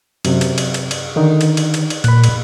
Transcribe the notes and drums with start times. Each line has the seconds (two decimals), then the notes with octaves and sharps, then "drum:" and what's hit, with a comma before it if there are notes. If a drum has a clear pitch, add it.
0.25 F#2 C3, drum: cymbal
0.41 drum: cymbal
0.58 drum: cymbal
0.74 drum: cymbal
0.91 drum: cymbal
1.16 D3 D#3 D#4
1.41 drum: cymbal
1.57 drum: cymbal
1.74 drum: cymbal
1.90 drum: cymbal
2.04 A#2 B5 F#6, drum: cymbal
2.24 drum: cymbal